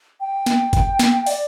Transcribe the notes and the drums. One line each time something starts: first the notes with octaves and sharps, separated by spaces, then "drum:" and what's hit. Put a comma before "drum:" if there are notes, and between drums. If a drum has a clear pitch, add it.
G5
drum: snare
drum: kick G1, hi-hat
drum: snare
D5, drum: open hi-hat